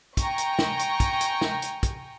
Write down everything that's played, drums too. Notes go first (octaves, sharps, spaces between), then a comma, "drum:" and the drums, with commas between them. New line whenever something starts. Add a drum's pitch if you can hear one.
G5 G#5 A#5 C#6, drum: kick, hi-hat
drum: hi-hat
drum: snare
drum: hi-hat
drum: kick, hi-hat
drum: hi-hat
drum: snare
drum: hi-hat
drum: kick, hi-hat